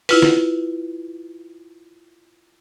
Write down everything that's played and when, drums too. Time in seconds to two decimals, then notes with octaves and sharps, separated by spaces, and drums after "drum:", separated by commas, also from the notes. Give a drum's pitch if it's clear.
0.09 E4 F4 B4, drum: open hi-hat
0.22 drum: snare